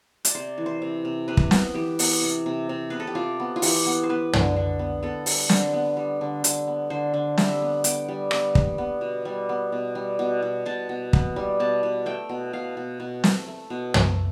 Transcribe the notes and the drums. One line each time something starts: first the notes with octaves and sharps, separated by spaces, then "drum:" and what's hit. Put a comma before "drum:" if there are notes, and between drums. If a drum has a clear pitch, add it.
D5, drum: hi-hat
C3 C5
E3
C5
C3
C3
C3 B4
drum: kick
B3, drum: snare
E3 G4
B3, drum: open hi-hat
C3
C3
C3
B3 B4
A4
G4
C3 F4
B3
F4
E3 G4, drum: open hi-hat
B3
C5
B3 B4
D3, drum: tom
D3
B3
B3 A4
G3, drum: open hi-hat
D3, drum: snare
B3
G3
D3
D3, drum: hi-hat
B3
D3 C5
D3
G3 E5, drum: snare
B3
B3 G5, drum: hi-hat
G3
B3, drum: rim click
G3, drum: kick
B3
B2
G3
B3
B2
G3
B2
B2
B2 A5
B2
B3, drum: kick
G3
B2 A5
B2
A3 G5
B2
B2 F5
B2
B2
A3, drum: snare
A3
B2
A3, drum: tom